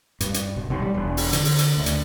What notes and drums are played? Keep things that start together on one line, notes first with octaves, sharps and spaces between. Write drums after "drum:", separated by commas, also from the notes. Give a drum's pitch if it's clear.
G2, drum: hi-hat
drum: hi-hat
B1
B1
G3
E1
drum: open hi-hat
D3, drum: hi-hat
drum: open hi-hat
drum: hi-hat
D2
drum: hi-hat